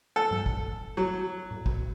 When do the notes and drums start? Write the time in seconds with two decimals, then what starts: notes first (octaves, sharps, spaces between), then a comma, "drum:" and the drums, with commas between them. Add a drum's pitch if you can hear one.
0.16 A4
0.31 drum: tom G2
0.46 drum: kick
0.97 F#3
1.51 drum: tom A2
1.66 drum: kick